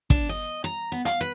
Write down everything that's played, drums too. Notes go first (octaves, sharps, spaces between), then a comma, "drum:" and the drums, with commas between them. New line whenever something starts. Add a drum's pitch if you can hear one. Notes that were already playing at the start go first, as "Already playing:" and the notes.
D4, drum: kick
D#5
A#5
B3
F5, drum: hi-hat
B4